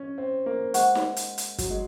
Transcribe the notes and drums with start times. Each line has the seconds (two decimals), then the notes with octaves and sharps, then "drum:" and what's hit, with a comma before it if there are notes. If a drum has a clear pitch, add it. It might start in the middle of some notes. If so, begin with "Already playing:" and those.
Already playing: C#4
0.18 C4
0.46 A#3
0.74 G#3 C5 F#5 C#6, drum: hi-hat
0.95 drum: snare D#4
1.16 drum: hi-hat
1.38 drum: hi-hat
1.58 F#3, drum: kick, hi-hat
1.70 G#3